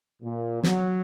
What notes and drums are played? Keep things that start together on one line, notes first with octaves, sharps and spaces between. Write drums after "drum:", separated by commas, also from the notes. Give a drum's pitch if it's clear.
A#2
F#3, drum: snare